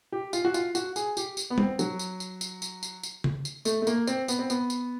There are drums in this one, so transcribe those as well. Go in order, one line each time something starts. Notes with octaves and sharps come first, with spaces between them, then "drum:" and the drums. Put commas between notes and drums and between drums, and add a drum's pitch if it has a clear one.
G4
F4, drum: tambourine
F#4
F4, drum: tambourine
F#4, drum: tambourine
G#4, drum: tambourine
G4, drum: tambourine
drum: tambourine
B3
C4, drum: tom G3
F#3, drum: tambourine
drum: tambourine
drum: tambourine
drum: tambourine
drum: tambourine
drum: tambourine
drum: tambourine
drum: tom C#3
drum: tambourine
A3, drum: tambourine
A3
A#3, drum: tambourine
C4, drum: tambourine
B3, drum: tambourine
C4
B3, drum: tambourine
drum: tambourine